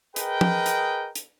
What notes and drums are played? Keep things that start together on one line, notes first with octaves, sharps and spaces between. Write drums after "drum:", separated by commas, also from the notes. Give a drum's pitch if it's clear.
G#4 A#4 B4 D#5 G5, drum: hi-hat
drum: tom
drum: hi-hat
drum: hi-hat